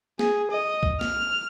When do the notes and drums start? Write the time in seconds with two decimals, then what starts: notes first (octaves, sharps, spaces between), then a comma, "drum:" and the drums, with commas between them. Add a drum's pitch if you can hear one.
0.19 G#4, drum: snare
0.51 D#5
0.83 drum: kick C2
1.01 F6, drum: snare